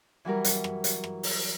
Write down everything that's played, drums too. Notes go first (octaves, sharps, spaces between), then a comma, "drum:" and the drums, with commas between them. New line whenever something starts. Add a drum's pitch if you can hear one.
E3 F#3 G3 A#4
drum: hi-hat
drum: rim click
drum: hi-hat
drum: rim click
drum: open hi-hat